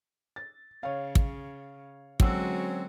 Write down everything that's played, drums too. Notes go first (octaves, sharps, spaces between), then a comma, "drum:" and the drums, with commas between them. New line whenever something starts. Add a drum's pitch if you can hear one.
A6
C#3 C#5 F5
drum: kick
D3 F#3 G#3 C4 C#4 F#4 E6, drum: kick